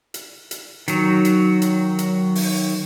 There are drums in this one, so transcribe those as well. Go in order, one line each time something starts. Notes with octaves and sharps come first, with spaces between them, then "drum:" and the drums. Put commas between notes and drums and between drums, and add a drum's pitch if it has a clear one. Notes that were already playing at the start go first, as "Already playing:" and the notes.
drum: hi-hat
drum: hi-hat
D#3 F#3, drum: hi-hat
drum: hi-hat
drum: hi-hat
drum: hi-hat
drum: open hi-hat